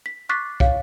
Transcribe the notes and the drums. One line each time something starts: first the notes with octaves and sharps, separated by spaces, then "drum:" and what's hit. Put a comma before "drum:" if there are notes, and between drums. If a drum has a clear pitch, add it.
B6
C#6 D6 F#6 A6 B6 C7
C#5 F5, drum: kick